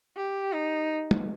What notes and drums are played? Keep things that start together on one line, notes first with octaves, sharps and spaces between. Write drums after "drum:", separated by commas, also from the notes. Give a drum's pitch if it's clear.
G4
D#4
drum: tom G3